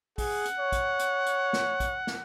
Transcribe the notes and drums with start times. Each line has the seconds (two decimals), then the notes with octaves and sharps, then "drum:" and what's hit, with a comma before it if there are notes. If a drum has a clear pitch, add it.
0.18 G#4 F#5, drum: kick, open hi-hat
0.45 drum: hi-hat
0.59 C#5
0.72 drum: kick, hi-hat
0.99 drum: hi-hat
1.26 drum: hi-hat
1.53 drum: snare
1.80 drum: kick, hi-hat
2.07 drum: snare